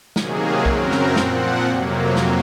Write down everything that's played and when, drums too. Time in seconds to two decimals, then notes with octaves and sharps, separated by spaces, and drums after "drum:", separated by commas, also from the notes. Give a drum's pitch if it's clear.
0.16 C3 D#3 F#3 A#3 G#4, drum: snare
0.66 F#2 C#3 F#3 C4 A#4, drum: kick B1
0.91 drum: snare
1.16 A#2 F3 C4 F#5, drum: snare
1.66 F2 C3 F#3 A#3
2.16 drum: snare